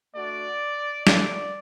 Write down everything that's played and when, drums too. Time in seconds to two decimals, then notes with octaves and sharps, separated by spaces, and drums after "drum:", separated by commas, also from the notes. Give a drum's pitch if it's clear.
0.15 A3 D4 F#4 D5
1.07 A3 F#4 D5, drum: snare